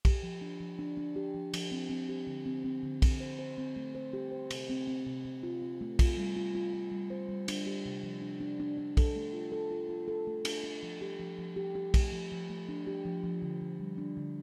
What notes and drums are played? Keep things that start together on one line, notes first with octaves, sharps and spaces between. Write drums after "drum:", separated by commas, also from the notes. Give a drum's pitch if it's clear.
G4, drum: kick, cymbal
F3
D4
F3
D4
D4
G4
F3
F3, drum: cymbal
C4
C4
G4
D3
C4
C4
D3
C4, drum: kick, cymbal
C5
C5
C4
A3
C5
G4
C5
C3, drum: cymbal
C4
C4
C3
C3
F4
C4
A3
F4, drum: kick, cymbal
G3
F4
F4
F4
G3
C5
G3
D4, drum: cymbal
G4
C3
F3
D4
D4
D4
D4
A4, drum: kick, cymbal
A3
F4
A4
F4
F4
A4
A3
D4, drum: cymbal
D4
F3
G4
F3
F3
G4
G4
A3, drum: kick, cymbal
F3
F3
A3
D4
G4
F3
F3
D3
D3
G3
D4
D3